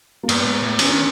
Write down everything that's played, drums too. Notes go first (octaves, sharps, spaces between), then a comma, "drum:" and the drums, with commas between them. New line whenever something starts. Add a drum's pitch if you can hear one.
A#3
G2 B3, drum: cymbal
G#2
A2
D#3 C#4, drum: cymbal
D4